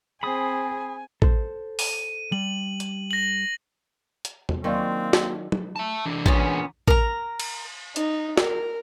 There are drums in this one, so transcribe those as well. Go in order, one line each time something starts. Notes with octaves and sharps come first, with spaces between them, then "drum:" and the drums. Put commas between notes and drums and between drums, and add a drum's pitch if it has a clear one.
C4 G#4 G#5 B5 D#6
A4 C5, drum: kick
D#7, drum: open hi-hat
G3 F#7
drum: hi-hat
A#6 F#7
drum: hi-hat
drum: tom E2
D#3 F#3 A#3 C4 C#4 F4 D5
drum: snare
drum: tom
E5 A5
E3 D4
A#2 B3 C#4, drum: kick
A#4 A#5, drum: kick
drum: cymbal
D#4, drum: hi-hat
A#4, drum: snare